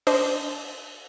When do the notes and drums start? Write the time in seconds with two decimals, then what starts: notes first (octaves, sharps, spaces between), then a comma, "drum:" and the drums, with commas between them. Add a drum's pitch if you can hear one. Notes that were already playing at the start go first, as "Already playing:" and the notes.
0.07 D4 C5 D#5, drum: open hi-hat